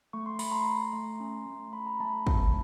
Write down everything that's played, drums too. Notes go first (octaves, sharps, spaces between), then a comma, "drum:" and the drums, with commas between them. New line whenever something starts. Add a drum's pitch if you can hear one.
A3 C#6
C6
A3 B5, drum: open hi-hat
A#5 C6
A3
A3
C#4
A3
A3 B5
A#5
A3 A5 B5
A3, drum: kick